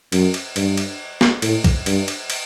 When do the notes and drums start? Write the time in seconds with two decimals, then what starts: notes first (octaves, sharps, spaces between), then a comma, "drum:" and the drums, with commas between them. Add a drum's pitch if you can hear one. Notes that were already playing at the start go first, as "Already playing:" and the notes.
0.12 F#2, drum: cymbal
0.34 drum: cymbal
0.56 G2, drum: cymbal
0.77 drum: cymbal
1.21 drum: snare
1.42 A2, drum: cymbal
1.64 drum: kick, cymbal
1.86 G2, drum: cymbal
2.08 drum: cymbal
2.30 drum: cymbal